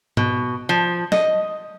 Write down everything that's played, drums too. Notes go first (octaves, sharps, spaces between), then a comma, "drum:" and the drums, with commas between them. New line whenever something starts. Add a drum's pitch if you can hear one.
B2, drum: tom G#2
F3
D#5, drum: snare